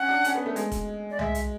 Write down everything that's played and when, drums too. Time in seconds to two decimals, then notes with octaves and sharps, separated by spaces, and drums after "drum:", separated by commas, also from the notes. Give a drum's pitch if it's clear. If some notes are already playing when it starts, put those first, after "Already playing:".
Already playing: C#4 F#5
0.08 D4
0.24 C#4, drum: hi-hat
0.35 B3
0.46 A3
0.56 G#3, drum: hi-hat
0.72 drum: kick, hi-hat
1.10 D5
1.19 G#3 E5, drum: tom C2
1.35 drum: hi-hat